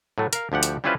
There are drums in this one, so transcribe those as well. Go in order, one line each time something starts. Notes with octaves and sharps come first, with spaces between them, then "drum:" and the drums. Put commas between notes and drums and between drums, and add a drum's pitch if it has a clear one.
A2 F#3 A3
A#4 F5, drum: hi-hat
D2 F3 G4 F#5
drum: hi-hat
G3 C#4 E4 F4 B4 C5